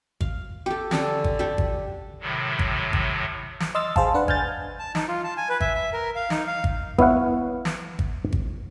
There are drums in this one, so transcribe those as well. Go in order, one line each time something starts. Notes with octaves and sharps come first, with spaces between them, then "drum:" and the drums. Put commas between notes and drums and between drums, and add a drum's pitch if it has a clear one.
F5, drum: kick G#1
G4 A4
D3 C#4 D4 A4, drum: snare
drum: kick G#1
D4 G4 A4
drum: kick G#1
A2 C3 D#3 F#3
drum: kick G#1
drum: kick G#1
drum: snare
D#5 C6 E6 F6 A6
G#4 C5 F5 A5, drum: kick G#1
D4 B4 F#5
G#5 F6 G6 A6, drum: kick G#1
A5
D#4, drum: snare
F4
A5
G#5
B4
E5, drum: kick G#1
E5
A#4
F5
D#4, drum: snare
F5
drum: kick G#1
B3 E4 C#5 F5 F#5, drum: kick G#1
drum: snare
drum: kick G#1
drum: kick G#1